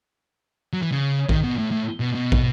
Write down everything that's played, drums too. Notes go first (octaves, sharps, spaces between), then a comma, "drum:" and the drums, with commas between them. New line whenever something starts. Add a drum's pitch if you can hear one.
F#3
E3
C#3
D#3, drum: kick
B2
A2
A2
B2
B2
drum: kick